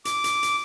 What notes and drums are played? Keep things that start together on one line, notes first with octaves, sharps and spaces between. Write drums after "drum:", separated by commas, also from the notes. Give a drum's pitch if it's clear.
D6, drum: hi-hat
drum: hi-hat
drum: hi-hat